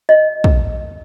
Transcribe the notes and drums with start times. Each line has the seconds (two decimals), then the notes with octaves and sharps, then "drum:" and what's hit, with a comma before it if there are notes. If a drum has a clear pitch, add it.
0.09 D#5
0.44 drum: kick